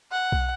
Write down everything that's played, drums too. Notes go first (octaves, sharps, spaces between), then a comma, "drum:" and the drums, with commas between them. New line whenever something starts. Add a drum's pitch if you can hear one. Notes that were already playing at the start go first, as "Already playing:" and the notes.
F#5
drum: kick B1